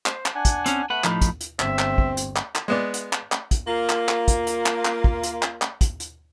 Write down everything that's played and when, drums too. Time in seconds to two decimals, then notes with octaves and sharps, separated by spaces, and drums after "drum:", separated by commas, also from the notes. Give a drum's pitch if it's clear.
0.06 C5, drum: clap
0.26 drum: clap
0.35 D4 F#5 G#5
0.45 drum: kick, hi-hat
0.66 C4 C#4, drum: hi-hat
0.90 A3 B4 F#5
1.04 A2 F3 D#4 B5, drum: clap
1.21 drum: kick, hi-hat
1.41 drum: hi-hat
1.60 G1 C4 E5, drum: clap
1.79 drum: clap
1.98 drum: kick
2.17 drum: hi-hat
2.36 drum: clap
2.55 drum: clap
2.68 G#3 B3 D5
2.94 drum: hi-hat
3.13 drum: clap
3.32 drum: clap
3.51 drum: kick, hi-hat
3.66 A#3 F4
3.89 drum: clap
4.09 drum: clap
4.28 drum: kick, hi-hat
4.47 drum: hi-hat
4.66 drum: clap
4.85 drum: clap
5.04 drum: kick
5.23 drum: hi-hat
5.43 drum: clap
5.62 drum: clap
5.81 drum: kick, hi-hat
6.00 drum: hi-hat